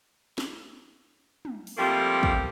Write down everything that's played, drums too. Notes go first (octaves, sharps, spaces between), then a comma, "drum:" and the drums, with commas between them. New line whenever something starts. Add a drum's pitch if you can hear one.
drum: snare
drum: tom
drum: open hi-hat
F3 G3 A3 A#3 C4 G4
drum: kick